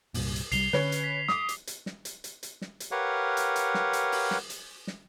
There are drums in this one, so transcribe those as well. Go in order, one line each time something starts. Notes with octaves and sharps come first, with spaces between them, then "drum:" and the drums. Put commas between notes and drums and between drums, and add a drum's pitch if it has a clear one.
C2 G2 A#2, drum: open hi-hat
drum: hi-hat
C2 F3 G3 C7 F7 G7, drum: hi-hat
D3 C#4 B4, drum: snare
drum: hi-hat
B6
D6 D#6, drum: snare
drum: hi-hat
drum: hi-hat
drum: snare
drum: hi-hat
drum: hi-hat
drum: hi-hat
drum: snare
drum: hi-hat
G4 A#4 B4 C#5 F5 F#5
drum: hi-hat
drum: hi-hat
drum: snare
drum: hi-hat
drum: open hi-hat
drum: snare
drum: hi-hat
drum: snare